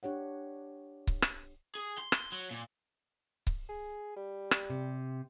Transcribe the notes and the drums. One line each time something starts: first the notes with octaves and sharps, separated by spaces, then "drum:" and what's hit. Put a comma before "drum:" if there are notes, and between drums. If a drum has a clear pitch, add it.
D4 G4 C#5 F#5
drum: kick C#1
drum: rim click
G#4
C6
drum: rim click
F#3
A#2
drum: kick C#1
G#4
G3
drum: rim click
C3